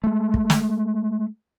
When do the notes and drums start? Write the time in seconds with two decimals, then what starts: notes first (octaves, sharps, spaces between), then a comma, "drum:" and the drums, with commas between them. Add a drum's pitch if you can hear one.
0.04 G#3 A3
0.34 drum: kick
0.50 drum: snare